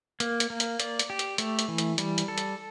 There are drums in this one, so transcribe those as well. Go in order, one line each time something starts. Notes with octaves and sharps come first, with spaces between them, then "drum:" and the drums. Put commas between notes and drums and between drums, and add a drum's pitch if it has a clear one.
A#3, drum: hi-hat
drum: hi-hat
A#3
drum: hi-hat
D5, drum: hi-hat
drum: hi-hat
G4
drum: hi-hat
A3, drum: hi-hat
drum: hi-hat
E3
drum: hi-hat
G3, drum: hi-hat
drum: hi-hat
A4
drum: hi-hat